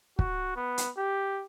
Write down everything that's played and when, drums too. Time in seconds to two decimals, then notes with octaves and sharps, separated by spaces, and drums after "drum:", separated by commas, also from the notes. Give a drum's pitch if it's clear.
0.19 F#4, drum: kick
0.56 B3
0.78 drum: hi-hat
0.98 G4